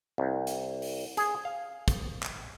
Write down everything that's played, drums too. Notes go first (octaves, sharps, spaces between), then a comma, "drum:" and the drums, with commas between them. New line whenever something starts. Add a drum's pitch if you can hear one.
C2
drum: hi-hat
drum: open hi-hat
G#4, drum: hi-hat
F5
drum: kick, hi-hat
drum: clap